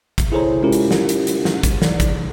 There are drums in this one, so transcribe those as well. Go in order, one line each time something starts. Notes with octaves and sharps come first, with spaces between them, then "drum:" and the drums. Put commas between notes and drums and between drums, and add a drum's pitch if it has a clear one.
drum: kick, hi-hat
E4 G#4 A4 C5 C#5 A#5
G#3 C#4 E4 F4 G4 A#4
drum: hi-hat
drum: snare
drum: hi-hat
drum: hi-hat
drum: snare
drum: kick, hi-hat
E3 D5, drum: snare
drum: kick, hi-hat